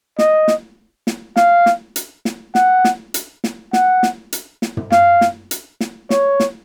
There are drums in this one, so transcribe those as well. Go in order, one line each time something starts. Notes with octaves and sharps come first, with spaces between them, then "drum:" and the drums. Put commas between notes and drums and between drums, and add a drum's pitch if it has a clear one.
D#5, drum: snare
drum: snare
drum: snare
F5, drum: snare
drum: snare
drum: hi-hat
drum: snare
F#5, drum: snare
drum: snare
drum: hi-hat
drum: snare
F#5, drum: snare
drum: snare
drum: hi-hat
drum: snare
drum: tom
F5, drum: snare
drum: snare
drum: hi-hat
drum: snare
C#5, drum: snare
drum: snare